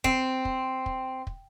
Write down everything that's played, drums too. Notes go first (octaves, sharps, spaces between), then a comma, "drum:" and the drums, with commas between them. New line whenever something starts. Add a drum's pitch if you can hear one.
C4, drum: kick
drum: kick
drum: kick
drum: kick